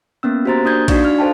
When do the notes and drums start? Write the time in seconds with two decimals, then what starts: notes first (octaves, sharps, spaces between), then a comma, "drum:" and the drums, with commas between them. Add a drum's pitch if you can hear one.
0.23 A#3 B3 C#4 E6
0.45 F#4 G4 C5 A#5 A6
0.64 A#3 D4 D#6 G6 G#6
0.88 D4 D#4 F#4 D5 F5 C#6, drum: kick A#1, cymbal
1.04 F6
1.19 A4 C5 F5 G5 A5